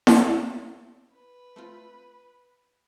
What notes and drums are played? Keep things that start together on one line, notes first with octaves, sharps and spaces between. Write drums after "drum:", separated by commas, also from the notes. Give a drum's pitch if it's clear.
drum: snare E4
B4
A3 C4 F4